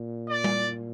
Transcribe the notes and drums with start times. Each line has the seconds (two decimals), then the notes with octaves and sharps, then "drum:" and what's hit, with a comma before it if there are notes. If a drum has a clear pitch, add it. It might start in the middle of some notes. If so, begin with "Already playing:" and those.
Already playing: A#2
0.29 D5
0.44 drum: tom G3